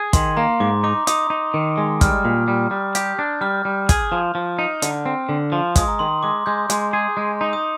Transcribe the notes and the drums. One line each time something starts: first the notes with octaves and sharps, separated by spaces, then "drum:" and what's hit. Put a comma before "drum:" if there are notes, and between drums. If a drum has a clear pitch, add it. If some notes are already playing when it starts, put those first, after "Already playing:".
Already playing: G#4
D#3 C6, drum: kick, hi-hat
A#3 A#5
G#2 D6
D#4 D6
D#4 D#6, drum: hi-hat
D#4
D#3
G#3
G3 F6, drum: kick, hi-hat
A#2
G3
G3
G4 G6, drum: hi-hat
D4
G3 F6
G3
G#4, drum: kick, hi-hat
F3
F3
D#4
D3, drum: hi-hat
C4
D3
F3
G#3 D#6, drum: kick, hi-hat
A#5
D#3 C6
G#3 D6
G#3 G6
G#3, drum: hi-hat
G#4
G#3
D#4
D#6